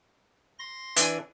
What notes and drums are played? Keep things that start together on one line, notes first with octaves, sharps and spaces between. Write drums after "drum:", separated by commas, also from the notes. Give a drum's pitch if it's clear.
C6 A#6
E3 D4 G#5, drum: hi-hat